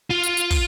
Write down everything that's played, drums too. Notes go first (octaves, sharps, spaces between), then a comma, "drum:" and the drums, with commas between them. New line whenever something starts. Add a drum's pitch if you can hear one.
F4
drum: hi-hat
drum: hi-hat
drum: kick, open hi-hat